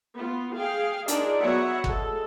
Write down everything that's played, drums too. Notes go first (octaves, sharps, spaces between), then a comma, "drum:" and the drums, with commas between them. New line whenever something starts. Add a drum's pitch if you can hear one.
B3 F4
G#4 F5 G5
D4 D#4 F4 G#4 A#4 D5, drum: hi-hat
F#3 B3 F#4 C#5 E5 F#5
G#3 A4, drum: kick